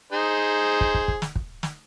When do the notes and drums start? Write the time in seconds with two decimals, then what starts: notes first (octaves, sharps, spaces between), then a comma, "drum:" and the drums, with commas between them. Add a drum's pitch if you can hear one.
0.12 D#4 G#4 C5
0.81 drum: kick
0.94 drum: kick
1.08 drum: kick
1.22 drum: snare
1.36 drum: kick
1.63 drum: snare